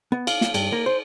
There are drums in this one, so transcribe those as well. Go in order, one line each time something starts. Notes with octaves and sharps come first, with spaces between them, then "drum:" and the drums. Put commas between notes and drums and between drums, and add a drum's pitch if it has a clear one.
B3
F5, drum: cymbal
drum: snare
G2, drum: cymbal
A#3
C5